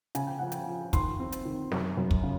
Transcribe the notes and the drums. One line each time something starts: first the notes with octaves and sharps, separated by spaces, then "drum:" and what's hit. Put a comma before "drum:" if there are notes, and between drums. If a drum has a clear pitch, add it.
C#3 G#5, drum: hi-hat
G5
F3 F#5
G5, drum: hi-hat
F3
D#3 C6, drum: kick, hi-hat
C4
drum: hi-hat
D#3
F#2, drum: snare
F#2
drum: kick
C#3